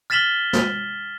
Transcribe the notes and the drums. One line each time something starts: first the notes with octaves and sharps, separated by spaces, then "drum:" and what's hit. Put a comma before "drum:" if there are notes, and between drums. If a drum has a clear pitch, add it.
F6 A6 B6 E7 F#7 G7
drum: snare